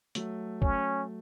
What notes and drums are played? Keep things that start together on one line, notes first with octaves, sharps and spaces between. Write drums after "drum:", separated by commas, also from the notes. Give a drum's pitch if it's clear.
F#3 A3, drum: hi-hat
C#4, drum: kick F#1